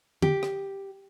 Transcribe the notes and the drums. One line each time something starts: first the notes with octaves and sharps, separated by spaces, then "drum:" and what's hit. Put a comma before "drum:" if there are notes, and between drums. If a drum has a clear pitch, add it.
G4, drum: tom D3
drum: rim click